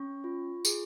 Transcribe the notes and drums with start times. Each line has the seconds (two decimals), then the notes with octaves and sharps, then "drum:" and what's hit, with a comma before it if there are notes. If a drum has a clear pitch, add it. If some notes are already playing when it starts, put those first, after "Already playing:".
Already playing: C#4 C#6
0.24 F4
0.65 G#4, drum: tambourine